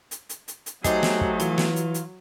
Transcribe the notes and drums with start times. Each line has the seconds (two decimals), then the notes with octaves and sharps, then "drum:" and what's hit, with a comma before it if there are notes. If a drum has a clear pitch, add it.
0.11 drum: hi-hat
0.29 drum: hi-hat
0.48 drum: hi-hat
0.66 drum: hi-hat
0.84 F#3 A3 D#4 G4 G#4 C5, drum: kick, hi-hat
1.03 drum: snare
1.21 drum: kick
1.40 E3 F4, drum: hi-hat
1.58 drum: snare
1.76 drum: hi-hat
1.94 drum: hi-hat